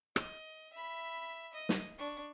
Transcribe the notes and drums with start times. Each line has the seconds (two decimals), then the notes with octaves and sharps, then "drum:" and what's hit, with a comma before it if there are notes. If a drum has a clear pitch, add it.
0.16 D#5, drum: rim click
0.73 E5 B5
1.54 D#5
1.69 drum: snare
1.98 D4 C#6